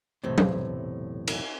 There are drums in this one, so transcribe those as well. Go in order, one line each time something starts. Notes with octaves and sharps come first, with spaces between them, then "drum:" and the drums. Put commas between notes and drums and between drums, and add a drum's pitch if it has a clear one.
B1 E2 A2 C3
drum: tom F#3
drum: cymbal